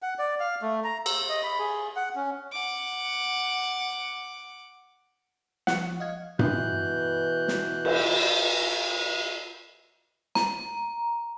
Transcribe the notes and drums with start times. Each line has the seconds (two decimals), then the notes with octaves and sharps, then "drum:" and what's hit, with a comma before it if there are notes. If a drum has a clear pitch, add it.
0.02 F#5
0.19 D5
0.40 F5
0.62 A3
0.84 A#5
1.06 E6, drum: cymbal
1.29 D#5
1.43 B5
1.59 G#4
1.96 F#5
2.15 C#4
2.52 F#5 D6
5.67 F3 F#5, drum: snare
6.00 D#5 F5 G#6
6.39 B2 E3 F#6 G6, drum: tom G2
7.48 drum: snare
7.85 drum: cymbal
10.35 A#5, drum: snare